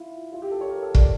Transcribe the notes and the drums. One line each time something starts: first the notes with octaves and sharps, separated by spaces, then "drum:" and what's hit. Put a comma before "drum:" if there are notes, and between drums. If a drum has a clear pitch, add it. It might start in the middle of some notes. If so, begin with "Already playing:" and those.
Already playing: E4 F4
F4
G4
A4
C#5
A#4
A4
D5, drum: kick